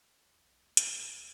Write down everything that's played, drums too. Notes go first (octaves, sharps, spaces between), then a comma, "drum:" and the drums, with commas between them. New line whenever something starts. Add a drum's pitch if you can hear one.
E2
B1
E3 A3
B2, drum: hi-hat
C#2 D#3
C#2 G#2